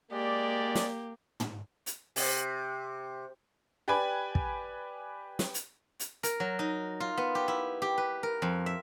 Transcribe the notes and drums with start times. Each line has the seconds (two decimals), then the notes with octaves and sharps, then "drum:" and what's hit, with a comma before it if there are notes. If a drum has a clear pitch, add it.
0.12 G#3 A#3 G4 D5
0.75 drum: snare
1.40 drum: tom
1.86 drum: hi-hat
2.16 C3, drum: open hi-hat
3.88 G4 B4 D5 G5 G#5 B5
4.35 drum: kick
5.39 drum: snare
5.54 drum: hi-hat
6.00 drum: hi-hat
6.23 A#4, drum: hi-hat
6.40 F#3
6.59 D#4
7.00 F4
7.17 B3
7.35 G4
7.48 E4
7.82 G4
7.98 B4
8.23 A#4
8.42 F2
8.66 E5